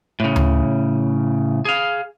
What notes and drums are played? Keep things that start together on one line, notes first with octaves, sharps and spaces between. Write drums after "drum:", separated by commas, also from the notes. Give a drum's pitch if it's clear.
A2 C#3
drum: tom D2
G#4 F5